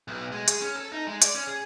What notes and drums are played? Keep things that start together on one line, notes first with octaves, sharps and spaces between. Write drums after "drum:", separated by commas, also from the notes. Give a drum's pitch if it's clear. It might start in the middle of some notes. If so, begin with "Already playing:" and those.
B1
G#3
G#4, drum: hi-hat
C#4
A4
D#4
G#3
D5, drum: hi-hat
C#4
G#4